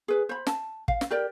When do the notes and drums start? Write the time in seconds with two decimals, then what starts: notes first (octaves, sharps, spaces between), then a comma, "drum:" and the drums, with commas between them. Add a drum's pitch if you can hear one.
0.08 G#4 B4
0.29 C5 B5
0.47 A5, drum: snare
0.88 F5, drum: kick
1.01 drum: snare
1.11 G4 A#4 D5